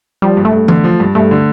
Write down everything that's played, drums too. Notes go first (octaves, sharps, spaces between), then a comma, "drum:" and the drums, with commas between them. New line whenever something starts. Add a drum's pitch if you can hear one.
F3 G3
G2
A3
G2
D3, drum: tom E3
F3
G2
G2 A3
D3